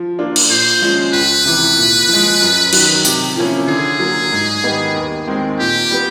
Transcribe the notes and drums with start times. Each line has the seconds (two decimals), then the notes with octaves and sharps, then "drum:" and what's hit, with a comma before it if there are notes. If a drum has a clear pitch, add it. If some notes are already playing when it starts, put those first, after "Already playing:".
Already playing: F3
0.19 A#3 D4 F4
0.36 drum: cymbal
0.49 A#2 C5
0.82 F3 G#3 C#4
1.13 C#2 B4
1.46 C3 E3
1.77 A#2
2.09 F3 G#3
2.41 F#2
2.73 D#3 F#3, drum: cymbal
3.05 C3, drum: tambourine
3.36 F3 A#3 C#4 E4
3.68 D3 G#4
3.99 F#3 A#3
4.32 G#2
4.64 D#3 G3 B3 D#4
4.95 D#2
5.27 D#3 G#3 C4
5.59 A#2 G4
5.91 G3 B3